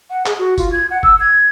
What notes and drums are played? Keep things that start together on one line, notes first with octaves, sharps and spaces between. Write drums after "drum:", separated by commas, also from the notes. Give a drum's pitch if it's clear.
F#5
G#4, drum: clap
F#4
F4, drum: kick F#1, tambourine
G#6
F#5
E6, drum: kick F#1
G#6